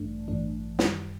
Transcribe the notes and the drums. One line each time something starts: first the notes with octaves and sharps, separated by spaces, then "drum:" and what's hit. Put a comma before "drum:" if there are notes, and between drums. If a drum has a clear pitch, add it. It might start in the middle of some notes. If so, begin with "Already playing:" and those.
Already playing: A1 G2 E3 A3 D4
A1 G2 E3 A3 D4
F#2 D#3 G3, drum: snare